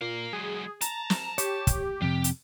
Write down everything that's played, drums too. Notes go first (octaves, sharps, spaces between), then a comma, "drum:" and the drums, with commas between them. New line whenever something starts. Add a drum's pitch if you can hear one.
A#2 A#4 F5
F#3 G#3 G#4
A5 A#5, drum: hi-hat
drum: snare
G4 C#5, drum: hi-hat
drum: kick, hi-hat
F2 C3 G4
drum: hi-hat